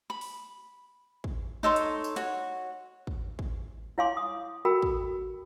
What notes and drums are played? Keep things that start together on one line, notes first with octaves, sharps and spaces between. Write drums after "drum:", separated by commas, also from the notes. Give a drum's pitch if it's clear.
B5
drum: open hi-hat
drum: kick
D#4 A4 C#5 C6
drum: hi-hat
drum: tambourine
F#4 C#5, drum: hi-hat
drum: kick
drum: kick
E4 C#5 F5 G#5 C6 D6
D#6
F#4 A4 A#4 G5 B5 E6
drum: kick